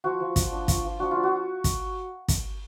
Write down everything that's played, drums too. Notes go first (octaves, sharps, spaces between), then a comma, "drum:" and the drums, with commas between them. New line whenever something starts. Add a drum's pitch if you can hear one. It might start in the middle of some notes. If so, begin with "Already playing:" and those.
F3 F#4
F3
F4, drum: kick, hi-hat
D4
F4, drum: kick, hi-hat
F3
D4 F#4
F4
D4
F#4
drum: kick, hi-hat
drum: kick, hi-hat